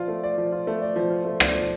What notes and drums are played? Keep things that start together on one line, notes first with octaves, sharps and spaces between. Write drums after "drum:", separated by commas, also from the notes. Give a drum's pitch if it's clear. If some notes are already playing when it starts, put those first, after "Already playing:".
Already playing: F3 F4 D5
A3
D5
F3
F4
A3
D5
F3
F4
A3
D5, drum: rim click
F3